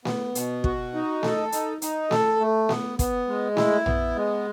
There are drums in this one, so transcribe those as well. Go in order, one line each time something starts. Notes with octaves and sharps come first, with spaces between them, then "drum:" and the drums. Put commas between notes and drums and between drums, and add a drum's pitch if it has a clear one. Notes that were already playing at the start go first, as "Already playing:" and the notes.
B3, drum: snare A3
B2, drum: hi-hat
F#4, drum: kick
D#4
A4, drum: snare A3
D#4, drum: hi-hat
D#4, drum: hi-hat
A4, drum: snare A3
A3
B3, drum: snare A3
B3, drum: kick, hi-hat
G#3
E4, drum: snare A3
B3, drum: tom A#1
G#3